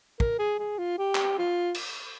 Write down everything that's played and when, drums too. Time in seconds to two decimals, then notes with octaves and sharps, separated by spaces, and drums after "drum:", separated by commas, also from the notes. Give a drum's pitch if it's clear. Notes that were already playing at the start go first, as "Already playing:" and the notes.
0.20 A#4, drum: kick
0.39 G#4
0.59 G#4
0.79 F4
0.98 G4
1.15 drum: clap
1.38 F4
1.75 drum: cymbal